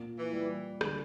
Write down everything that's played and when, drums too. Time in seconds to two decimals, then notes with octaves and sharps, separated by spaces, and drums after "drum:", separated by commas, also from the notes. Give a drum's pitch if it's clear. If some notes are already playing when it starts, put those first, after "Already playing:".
Already playing: A#2
0.18 E3
0.33 G3
0.81 D3, drum: rim click